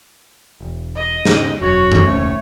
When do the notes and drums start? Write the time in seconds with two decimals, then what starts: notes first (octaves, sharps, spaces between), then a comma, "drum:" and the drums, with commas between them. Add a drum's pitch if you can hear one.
0.61 E1
0.96 D#5
1.25 G#2 C#3, drum: snare
1.61 E1 F#2 F#4 C#5
1.92 drum: tom F#2
2.07 D#1 C2 A3 C#4